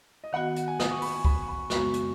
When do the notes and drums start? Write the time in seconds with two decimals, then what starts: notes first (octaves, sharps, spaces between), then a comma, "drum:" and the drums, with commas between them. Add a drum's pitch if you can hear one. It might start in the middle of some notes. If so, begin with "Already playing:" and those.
0.24 D#5
0.33 D#3 B3 F#4 F#5
0.56 drum: hi-hat
0.68 G#5
0.80 D#6, drum: snare
0.91 C#6
1.02 B5, drum: open hi-hat
1.15 G#5
1.25 B5, drum: kick
1.42 C#6
1.48 B5
1.70 F#2 C#3 G#3 B3 F#4 C#6, drum: snare
1.94 drum: hi-hat